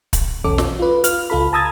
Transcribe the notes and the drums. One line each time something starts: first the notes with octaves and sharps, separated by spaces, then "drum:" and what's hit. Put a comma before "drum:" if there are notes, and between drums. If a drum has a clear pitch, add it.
drum: kick, hi-hat
B1 E2 C#4 A4 D6
drum: snare
F4 B4
F4 F6, drum: hi-hat
C#2 F4 A4 B5
A5 A#5 D#6 E6 G#6 A6